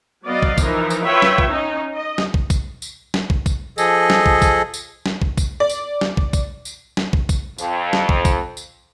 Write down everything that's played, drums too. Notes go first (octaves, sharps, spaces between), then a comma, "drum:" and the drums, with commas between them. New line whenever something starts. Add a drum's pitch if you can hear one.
F#3 B3 D5 D#5 F5
drum: kick
E3 F3 D#4 A#4, drum: kick, tambourine
drum: tambourine
F4 B4 C#5 E5 G5
drum: snare
drum: kick
C#4 D#4
D#5
drum: snare
drum: kick
drum: kick, tambourine
drum: tambourine
drum: snare
drum: kick
drum: kick, tambourine
F3 G#4 A4 D#5, drum: tambourine
drum: snare
drum: kick
drum: kick, tambourine
drum: tambourine
drum: snare
drum: kick
drum: kick, tambourine
D5
drum: tambourine
drum: snare
drum: kick
drum: kick, tambourine
drum: tambourine
drum: snare
drum: kick
drum: kick, tambourine
F2, drum: tambourine
drum: snare
drum: kick
drum: kick, tambourine
drum: tambourine